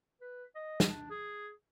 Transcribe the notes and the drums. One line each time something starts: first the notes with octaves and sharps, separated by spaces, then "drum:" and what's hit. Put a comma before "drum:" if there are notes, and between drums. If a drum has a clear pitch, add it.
B4
D#5
drum: snare
D4
G#4